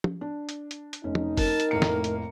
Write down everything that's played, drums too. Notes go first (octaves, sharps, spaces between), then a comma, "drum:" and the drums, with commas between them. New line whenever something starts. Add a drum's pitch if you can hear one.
drum: tom
D4
drum: hi-hat
drum: hi-hat
drum: hi-hat
F1 C#4 D#4
drum: tom
A#4 A5, drum: kick F#1, open hi-hat
drum: hi-hat
F1 A2 A#3 C#7
drum: snare
drum: hi-hat